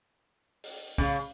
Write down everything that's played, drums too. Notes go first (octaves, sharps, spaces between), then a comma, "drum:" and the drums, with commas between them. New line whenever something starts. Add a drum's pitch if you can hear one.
drum: open hi-hat
C#3, drum: kick B1